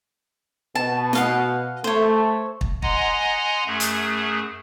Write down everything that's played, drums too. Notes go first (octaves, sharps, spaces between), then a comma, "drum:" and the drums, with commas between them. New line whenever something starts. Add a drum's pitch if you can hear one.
B2 A5
D#5 F5 F#5, drum: snare
A3 C5 C#5
drum: kick
D#5 F#5 G#5 A#5 C6, drum: kick
F#2 A3 G#4
drum: hi-hat